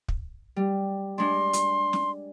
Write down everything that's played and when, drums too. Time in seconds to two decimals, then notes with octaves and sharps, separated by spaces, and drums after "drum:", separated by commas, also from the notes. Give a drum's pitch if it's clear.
0.08 drum: kick
0.56 G3
1.18 G#3 D4 C6
1.53 drum: hi-hat
1.93 drum: snare